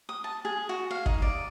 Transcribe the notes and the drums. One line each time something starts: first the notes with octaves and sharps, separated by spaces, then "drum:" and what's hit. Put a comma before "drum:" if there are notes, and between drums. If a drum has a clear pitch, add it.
D#6
A5
G#4
F#4
F5
D#4, drum: kick G1
D5